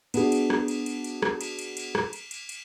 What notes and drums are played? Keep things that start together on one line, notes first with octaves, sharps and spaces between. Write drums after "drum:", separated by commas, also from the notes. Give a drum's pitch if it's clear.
B3 D4 F#4 G#4, drum: cymbal
drum: cymbal
drum: rim click
drum: cymbal
drum: cymbal
drum: cymbal
drum: rim click
drum: cymbal
drum: cymbal
drum: cymbal
drum: rim click
drum: cymbal
drum: cymbal
drum: cymbal